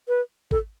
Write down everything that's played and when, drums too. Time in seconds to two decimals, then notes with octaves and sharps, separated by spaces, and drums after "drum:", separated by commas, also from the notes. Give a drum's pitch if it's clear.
0.08 B4
0.51 A4, drum: kick G#1